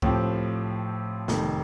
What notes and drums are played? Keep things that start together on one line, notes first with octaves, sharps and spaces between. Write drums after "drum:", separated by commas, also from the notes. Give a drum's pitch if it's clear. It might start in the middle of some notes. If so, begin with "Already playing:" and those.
A2 F3 C4 G4, drum: kick C2
F1 F2 D#3, drum: snare